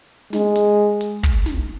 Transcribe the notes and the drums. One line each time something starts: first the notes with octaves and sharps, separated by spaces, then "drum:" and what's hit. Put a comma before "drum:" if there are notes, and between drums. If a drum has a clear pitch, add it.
G#3, drum: snare
drum: hi-hat
drum: hi-hat
drum: kick
drum: snare